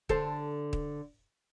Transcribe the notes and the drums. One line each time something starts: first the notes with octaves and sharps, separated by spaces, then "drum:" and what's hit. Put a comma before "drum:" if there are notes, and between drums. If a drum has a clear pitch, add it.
D3 A4 C5, drum: kick
drum: kick